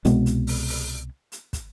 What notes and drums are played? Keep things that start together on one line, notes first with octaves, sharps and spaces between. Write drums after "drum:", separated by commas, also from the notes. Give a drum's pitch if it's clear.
C2 B2 G#3 B3, drum: hi-hat
drum: hi-hat
drum: open hi-hat
drum: open hi-hat
drum: hi-hat
drum: kick, hi-hat